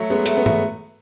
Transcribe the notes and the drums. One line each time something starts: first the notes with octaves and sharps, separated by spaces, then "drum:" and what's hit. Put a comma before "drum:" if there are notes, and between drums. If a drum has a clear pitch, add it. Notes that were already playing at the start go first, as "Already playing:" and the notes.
Already playing: F#3 A3
G#3 B3
A3, drum: hi-hat
B3
A3, drum: tom G#2